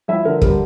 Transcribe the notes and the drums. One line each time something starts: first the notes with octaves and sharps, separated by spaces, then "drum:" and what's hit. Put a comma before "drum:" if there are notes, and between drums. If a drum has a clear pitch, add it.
F3 E4 E5
D3 A#4
G3 A#4, drum: kick